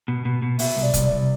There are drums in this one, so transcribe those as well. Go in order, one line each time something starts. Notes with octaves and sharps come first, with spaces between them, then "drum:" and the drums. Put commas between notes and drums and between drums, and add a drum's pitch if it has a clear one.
B2
B2
B2
B2 E5, drum: open hi-hat
C2
D5
C2, drum: kick, hi-hat
D5
C2